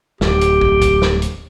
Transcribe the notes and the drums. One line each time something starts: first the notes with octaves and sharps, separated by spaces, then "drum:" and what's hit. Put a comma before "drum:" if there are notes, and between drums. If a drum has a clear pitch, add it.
D1 G4, drum: snare
drum: hi-hat
drum: kick
drum: kick, hi-hat
drum: snare
drum: hi-hat